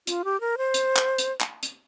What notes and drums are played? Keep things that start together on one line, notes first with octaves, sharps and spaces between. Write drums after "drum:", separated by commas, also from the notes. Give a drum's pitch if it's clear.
F4, drum: hi-hat
G4
A#4
C5
drum: hi-hat
drum: clap
drum: hi-hat
drum: clap
drum: hi-hat